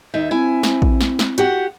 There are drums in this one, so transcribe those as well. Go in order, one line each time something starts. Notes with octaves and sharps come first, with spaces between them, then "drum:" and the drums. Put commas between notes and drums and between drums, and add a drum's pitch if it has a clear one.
D#2 D#4 E5
C4 E4 G#5
drum: snare
drum: kick A#1
drum: snare
drum: snare
F#4 G4 F#5, drum: hi-hat